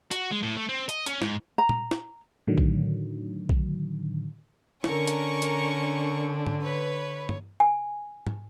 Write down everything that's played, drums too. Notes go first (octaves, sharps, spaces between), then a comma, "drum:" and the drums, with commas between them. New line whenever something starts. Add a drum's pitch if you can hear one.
F#4, drum: hi-hat
G#3
A2
A3
C4
D#5, drum: hi-hat
C#4, drum: hi-hat
G#2, drum: snare
A#5
drum: tom A#2
drum: snare
A2 D3 D#3 F#3
drum: kick A#1
drum: kick A#1
D3 C#4 D4 A#4 C#6, drum: snare
drum: hi-hat
drum: hi-hat
drum: tom G#2
B4 C#5
drum: tom G2
G#5
drum: tom G#2